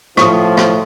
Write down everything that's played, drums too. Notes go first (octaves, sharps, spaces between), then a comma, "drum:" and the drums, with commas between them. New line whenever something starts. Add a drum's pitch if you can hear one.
A2 F3 C#6 D#6, drum: rim click
drum: rim click